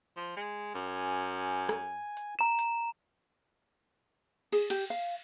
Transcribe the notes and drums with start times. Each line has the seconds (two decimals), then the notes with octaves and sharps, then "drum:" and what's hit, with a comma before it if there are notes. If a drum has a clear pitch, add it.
0.17 F3
0.36 G#3
0.74 F#2
0.87 G#5
1.69 drum: rim click
2.17 drum: hi-hat
2.39 A#5 E7
2.59 drum: hi-hat
4.52 G#4, drum: cymbal
4.70 G4, drum: cymbal
4.90 F5